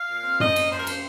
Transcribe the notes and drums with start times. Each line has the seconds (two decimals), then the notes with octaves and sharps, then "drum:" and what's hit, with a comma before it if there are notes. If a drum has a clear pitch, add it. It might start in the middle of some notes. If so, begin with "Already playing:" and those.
Already playing: F5
0.09 A#2
0.24 C4
0.40 F3 D#5, drum: tom
0.56 A#3, drum: cymbal
0.71 F3 C5
0.80 A#4
0.87 A#3 C5, drum: cymbal